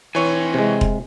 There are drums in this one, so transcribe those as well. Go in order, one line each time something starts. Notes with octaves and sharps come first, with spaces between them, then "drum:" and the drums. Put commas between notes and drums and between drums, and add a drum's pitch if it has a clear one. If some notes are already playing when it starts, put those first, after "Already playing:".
E3 C4 C#5 G#5
C3 G#3
drum: kick E1